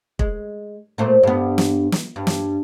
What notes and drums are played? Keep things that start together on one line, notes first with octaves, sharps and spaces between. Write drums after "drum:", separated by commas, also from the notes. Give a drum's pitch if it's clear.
G#3, drum: kick
A#2 A3 C4
G2 B3
drum: snare
drum: snare
G2
drum: snare